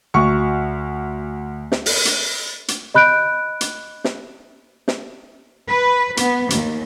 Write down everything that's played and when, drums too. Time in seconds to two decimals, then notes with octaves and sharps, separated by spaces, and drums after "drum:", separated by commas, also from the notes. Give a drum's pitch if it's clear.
0.14 D2 C#6
1.72 drum: snare
1.86 drum: open hi-hat
2.05 drum: hi-hat
2.68 drum: hi-hat
2.94 D#5 B5 F#6 G6 D7
3.61 drum: hi-hat
4.04 drum: snare
4.88 drum: snare
5.67 B4
6.17 B3, drum: hi-hat
6.50 D#2, drum: hi-hat